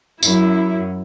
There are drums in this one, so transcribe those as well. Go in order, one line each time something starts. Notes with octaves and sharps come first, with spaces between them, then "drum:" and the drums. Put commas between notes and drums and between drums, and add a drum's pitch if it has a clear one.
F#2 E4, drum: tambourine